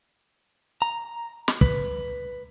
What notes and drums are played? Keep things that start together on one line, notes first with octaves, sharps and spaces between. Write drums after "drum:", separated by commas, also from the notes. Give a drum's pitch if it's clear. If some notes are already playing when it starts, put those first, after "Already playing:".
A#5
drum: snare
B4, drum: kick